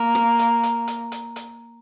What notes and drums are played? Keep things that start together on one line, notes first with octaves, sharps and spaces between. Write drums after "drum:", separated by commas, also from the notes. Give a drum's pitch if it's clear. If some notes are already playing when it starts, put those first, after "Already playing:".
Already playing: A#3
drum: rim click
drum: hi-hat
drum: hi-hat
drum: hi-hat
drum: hi-hat
drum: hi-hat